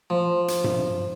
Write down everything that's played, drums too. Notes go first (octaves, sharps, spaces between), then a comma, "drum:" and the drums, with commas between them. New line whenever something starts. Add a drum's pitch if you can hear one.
F3
drum: hi-hat
drum: tom G2